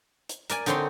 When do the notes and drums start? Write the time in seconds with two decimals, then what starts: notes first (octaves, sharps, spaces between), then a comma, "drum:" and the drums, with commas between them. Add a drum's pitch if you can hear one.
0.29 drum: hi-hat
0.50 A#4 D5 G#5, drum: hi-hat
0.66 D3 C4 D#4 C#5 C6, drum: hi-hat